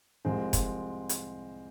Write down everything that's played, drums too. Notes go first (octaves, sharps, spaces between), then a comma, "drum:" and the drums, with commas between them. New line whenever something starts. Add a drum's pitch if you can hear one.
C2 C3 F3 G#3 C4
drum: kick F1, hi-hat
drum: hi-hat